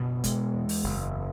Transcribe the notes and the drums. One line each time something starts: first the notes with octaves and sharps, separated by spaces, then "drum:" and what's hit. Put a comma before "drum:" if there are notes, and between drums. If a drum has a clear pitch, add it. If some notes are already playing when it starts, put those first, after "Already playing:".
Already playing: F#1 B2
G#3, drum: kick, hi-hat
E2
drum: open hi-hat
F#1